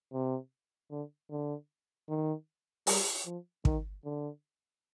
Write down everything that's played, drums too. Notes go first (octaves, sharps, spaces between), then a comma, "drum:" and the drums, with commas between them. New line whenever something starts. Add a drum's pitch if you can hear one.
C3
D3
D3
D#3
G3, drum: open hi-hat
F3
D#3, drum: kick
D3